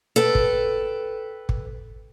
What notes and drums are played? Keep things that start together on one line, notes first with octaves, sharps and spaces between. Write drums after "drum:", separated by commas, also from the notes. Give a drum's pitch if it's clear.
A4 B4 G5
drum: kick
drum: kick